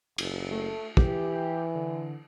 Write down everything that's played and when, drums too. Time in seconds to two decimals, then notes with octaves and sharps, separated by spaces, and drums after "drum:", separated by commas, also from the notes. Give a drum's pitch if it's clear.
0.18 F#1, drum: cymbal
0.51 A3
0.97 E3 G4, drum: kick
1.75 D3